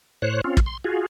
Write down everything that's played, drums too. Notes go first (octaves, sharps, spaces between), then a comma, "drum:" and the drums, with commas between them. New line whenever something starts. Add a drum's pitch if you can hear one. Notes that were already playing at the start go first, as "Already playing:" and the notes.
A2 C5 C#5 F#6
C4 C#4 F4
drum: kick
C6
F4 F#4 G#4